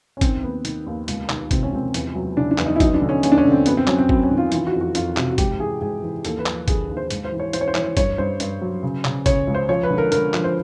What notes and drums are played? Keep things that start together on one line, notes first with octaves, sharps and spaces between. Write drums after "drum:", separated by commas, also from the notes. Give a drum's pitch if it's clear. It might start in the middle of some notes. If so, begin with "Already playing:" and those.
C#4
D#3 C4, drum: kick, hi-hat
D#2 B3
D#3, drum: hi-hat
D#2
C#2, drum: hi-hat
D#3, drum: clap
C3 C4, drum: kick, hi-hat
C#4
C#2 C4
E2, drum: hi-hat
F#3
C#3 D4
D4
E2, drum: clap
D#4
E4
F#3 D#4, drum: kick, hi-hat
D4
D3
C#4
D#2 C#4, drum: hi-hat
D4
C#4
D3
C4
F#2 B3, drum: hi-hat
C4
F#3 C#4, drum: clap
C4
F#2 C4, drum: kick
C#4
D#3
F4
E3 F4, drum: hi-hat
F#4
F2
F#4
F2 F4, drum: hi-hat
C3 F#4, drum: clap
F#4
G#2 G4, drum: kick, hi-hat
E3 G#4
G#2 G#4
E3
D#2 A4, drum: hi-hat
B4
F3, drum: clap
D3 G#4, drum: kick, hi-hat
D#2
C5
G#2, drum: hi-hat
C5
E3
C#5
E3 C5, drum: hi-hat
C#5
C5
E3 C#5, drum: clap
C5
G2 C#5, drum: kick, hi-hat
G2 C5
G2, drum: hi-hat
F#3
C#3
C#3, drum: clap
C#3 C#5, drum: kick, hi-hat
C#2
C5
F3 C#5
B4
D3
A#4
D3 A#4, drum: hi-hat
F3, drum: clap
C5